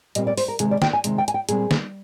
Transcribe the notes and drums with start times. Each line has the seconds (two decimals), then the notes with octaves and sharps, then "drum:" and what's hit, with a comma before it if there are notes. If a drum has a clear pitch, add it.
0.15 A#2 G3 C4 D#5, drum: hi-hat
0.27 D5
0.38 C5, drum: open hi-hat
0.48 A#4
0.59 C3 D#3 G#3 G#4, drum: hi-hat
0.71 D5
0.82 G5, drum: snare
0.93 G#5
1.04 C3 D#3 G#3, drum: hi-hat
1.18 G5
1.28 G#5, drum: hi-hat
1.34 G5
1.49 A#2 G3 C4 G#4, drum: hi-hat
1.71 drum: snare